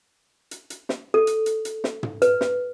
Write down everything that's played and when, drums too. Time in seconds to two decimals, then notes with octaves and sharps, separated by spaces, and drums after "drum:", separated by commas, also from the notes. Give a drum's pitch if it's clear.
0.51 drum: hi-hat
0.70 drum: hi-hat
0.89 drum: snare
1.14 A4
1.27 drum: hi-hat
1.46 drum: hi-hat
1.65 drum: hi-hat
1.84 drum: snare
2.03 drum: tom
2.22 B4, drum: hi-hat
2.41 drum: snare